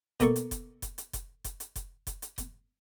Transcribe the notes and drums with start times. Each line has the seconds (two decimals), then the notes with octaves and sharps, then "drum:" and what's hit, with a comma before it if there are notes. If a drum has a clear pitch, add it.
0.20 B2 A#3 A4 C#6, drum: kick F1, hi-hat
0.36 drum: hi-hat
0.51 drum: kick F1, hi-hat
0.82 drum: kick F1, hi-hat
0.98 drum: hi-hat
1.13 drum: kick F1, hi-hat
1.44 drum: kick F1, hi-hat
1.60 drum: hi-hat
1.76 drum: kick F1, hi-hat
2.07 drum: kick F1, hi-hat
2.22 drum: hi-hat
2.38 drum: kick F1, hi-hat